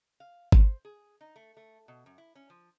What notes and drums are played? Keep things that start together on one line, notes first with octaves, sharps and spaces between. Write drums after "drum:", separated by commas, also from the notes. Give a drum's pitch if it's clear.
F5
C5, drum: kick G1
G#4
D#4
A3
A3
B2
F#2
E4
C#4
F3